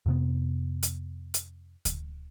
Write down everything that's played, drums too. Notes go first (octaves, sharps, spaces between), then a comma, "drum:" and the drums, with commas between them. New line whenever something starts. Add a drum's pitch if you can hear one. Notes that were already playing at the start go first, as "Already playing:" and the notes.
F2 C3 B3
drum: hi-hat
drum: hi-hat
drum: kick D2, hi-hat